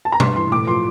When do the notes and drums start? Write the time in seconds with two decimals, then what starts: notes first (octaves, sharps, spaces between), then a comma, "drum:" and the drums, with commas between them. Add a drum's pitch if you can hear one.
0.05 A5
0.12 A#5
0.20 G2 C6, drum: tom B2
0.36 E3 C6
0.52 A2 D6
0.67 F3 C6